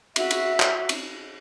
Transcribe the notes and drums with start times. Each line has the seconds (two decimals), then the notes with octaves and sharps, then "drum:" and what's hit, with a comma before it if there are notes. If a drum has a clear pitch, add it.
0.16 F#4 E5, drum: cymbal
0.31 drum: cymbal
0.60 drum: clap
0.89 drum: cymbal